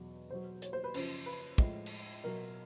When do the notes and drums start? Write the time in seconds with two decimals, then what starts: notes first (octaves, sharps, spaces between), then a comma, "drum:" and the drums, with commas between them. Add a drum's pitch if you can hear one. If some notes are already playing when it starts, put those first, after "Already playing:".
Already playing: E2 B2 F#3
0.29 B2 F#3 C5
0.62 C#5, drum: hi-hat
0.73 C5
0.84 B4
0.94 F#2 C#3 F3 C5, drum: cymbal
1.26 B4
1.58 A2 F3 G#3, drum: kick
1.86 drum: cymbal
2.24 B2 F#3 A#4